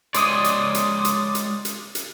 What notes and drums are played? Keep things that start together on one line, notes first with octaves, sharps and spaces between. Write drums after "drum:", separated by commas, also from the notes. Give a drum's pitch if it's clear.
G#3 C#5 D5 C6 D6 D#6, drum: hi-hat
drum: hi-hat
drum: hi-hat
drum: hi-hat
drum: hi-hat
drum: hi-hat
drum: hi-hat